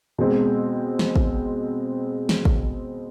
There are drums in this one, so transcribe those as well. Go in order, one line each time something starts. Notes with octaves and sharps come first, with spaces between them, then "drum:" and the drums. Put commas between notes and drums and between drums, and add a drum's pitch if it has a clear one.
B2 G#3 C4
drum: snare
drum: kick
drum: snare
drum: kick